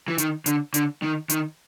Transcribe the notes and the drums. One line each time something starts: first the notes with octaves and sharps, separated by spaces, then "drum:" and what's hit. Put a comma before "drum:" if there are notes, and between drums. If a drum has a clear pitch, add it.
E3
D#3, drum: hi-hat
D3, drum: hi-hat
D3, drum: hi-hat
D#3
D#3, drum: hi-hat